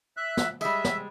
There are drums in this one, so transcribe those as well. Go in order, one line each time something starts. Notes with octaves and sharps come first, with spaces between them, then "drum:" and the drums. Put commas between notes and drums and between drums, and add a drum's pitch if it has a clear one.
E5 F#6
drum: snare
G3 G#3 E5, drum: tambourine
drum: snare